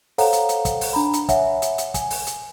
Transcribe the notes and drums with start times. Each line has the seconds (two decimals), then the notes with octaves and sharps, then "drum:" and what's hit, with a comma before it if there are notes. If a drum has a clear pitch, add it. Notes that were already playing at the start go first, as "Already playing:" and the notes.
0.18 A4 C5 C#5 F5 F#5 A#5, drum: open hi-hat
0.33 drum: hi-hat
0.49 drum: hi-hat
0.65 drum: kick, hi-hat
0.81 drum: open hi-hat
0.93 D4 A#5 B5
1.13 drum: hi-hat
1.29 C#5 E5 F#5 G#5, drum: kick, hi-hat
1.62 drum: hi-hat
1.78 drum: hi-hat
1.94 G#5, drum: kick, hi-hat
2.10 drum: open hi-hat
2.27 drum: hi-hat